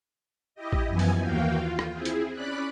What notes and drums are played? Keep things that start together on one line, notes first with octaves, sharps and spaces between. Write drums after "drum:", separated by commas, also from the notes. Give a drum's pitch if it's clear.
E4 G4 D#5
drum: kick A1
F#2 E3 F3 B3 G#5
drum: open hi-hat
D#2 E3 A#3 F#4 F5 G5
F4
drum: rim click
C4 E4 G#4
drum: hi-hat
C#4 D5 B5 F#6